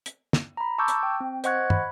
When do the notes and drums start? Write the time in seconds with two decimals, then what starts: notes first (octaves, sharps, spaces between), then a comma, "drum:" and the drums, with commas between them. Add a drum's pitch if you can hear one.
0.06 drum: hi-hat
0.33 drum: snare
0.57 A#5 B5
0.78 A5 C#6 D6 E6 G6
0.88 drum: hi-hat
1.03 G5
1.20 C4
1.44 C5 D#5 F#5 C#6 F#6 G#6, drum: hi-hat
1.70 B5, drum: tom